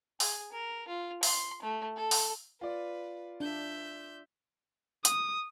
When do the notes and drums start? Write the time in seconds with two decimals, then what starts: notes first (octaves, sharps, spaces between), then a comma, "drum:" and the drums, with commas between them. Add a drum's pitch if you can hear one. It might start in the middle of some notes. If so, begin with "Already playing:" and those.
0.20 G#4, drum: open hi-hat
0.52 A#4
0.88 F4
1.23 C6, drum: open hi-hat
1.62 A3
1.96 A4
2.11 drum: open hi-hat
2.61 F4 B4 D5
3.40 D4 E5 G6
5.05 D#6, drum: hi-hat